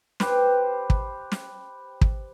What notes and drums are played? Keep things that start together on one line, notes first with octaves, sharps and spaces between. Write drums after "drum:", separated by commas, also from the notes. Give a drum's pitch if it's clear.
G4 B4 C5, drum: snare
drum: kick
drum: snare
drum: kick